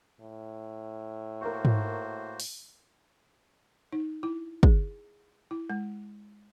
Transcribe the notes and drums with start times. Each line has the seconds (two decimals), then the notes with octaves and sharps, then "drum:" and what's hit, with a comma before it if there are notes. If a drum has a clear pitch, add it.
0.20 A2
1.41 A#3 F#4 A#4 C5 C#6
1.65 drum: tom G#2
2.40 drum: open hi-hat
3.93 D#4
4.23 E4
4.63 G#4, drum: kick
5.51 E4
5.70 G#3